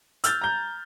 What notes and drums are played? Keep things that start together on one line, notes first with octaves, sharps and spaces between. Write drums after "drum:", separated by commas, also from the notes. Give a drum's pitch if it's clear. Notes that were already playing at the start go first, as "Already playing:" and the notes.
E6 F6 G6 A6, drum: hi-hat
A#5 G6